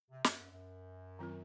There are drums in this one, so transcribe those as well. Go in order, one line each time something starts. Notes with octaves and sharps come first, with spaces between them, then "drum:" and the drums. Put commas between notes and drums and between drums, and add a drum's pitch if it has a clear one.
C3
F#2, drum: snare
F#2
F#2
D#3 F#3 C4 F4 A#4